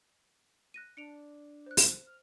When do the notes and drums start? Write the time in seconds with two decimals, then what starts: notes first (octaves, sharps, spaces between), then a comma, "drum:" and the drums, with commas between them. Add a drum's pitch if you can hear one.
0.74 F#6 A#6 D#7
0.97 D4 C#7 D7 F7
1.66 C5 F#6
1.77 drum: open hi-hat
2.06 F6